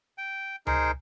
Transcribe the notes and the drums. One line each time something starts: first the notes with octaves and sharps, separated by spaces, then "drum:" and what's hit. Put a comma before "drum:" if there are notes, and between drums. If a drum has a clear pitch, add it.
G5
D#4 G#4 A#4 C5, drum: tom C#2